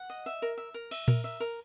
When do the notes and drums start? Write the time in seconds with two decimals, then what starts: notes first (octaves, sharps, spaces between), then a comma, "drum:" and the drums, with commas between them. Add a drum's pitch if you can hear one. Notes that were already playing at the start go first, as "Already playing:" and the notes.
Already playing: F#5
0.10 D#5
0.26 E5
0.42 A#4
0.58 E5
0.74 A#4
0.91 E5, drum: cymbal
1.08 A#4, drum: tom A#2
1.24 E5
1.40 A#4